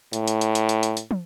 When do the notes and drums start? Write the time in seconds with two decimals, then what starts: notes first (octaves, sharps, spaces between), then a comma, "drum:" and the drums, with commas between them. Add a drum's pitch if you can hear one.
0.13 A2, drum: hi-hat
0.28 drum: hi-hat
0.41 drum: hi-hat
0.55 drum: hi-hat
0.69 drum: hi-hat
0.83 drum: hi-hat
0.97 drum: hi-hat
1.11 drum: tom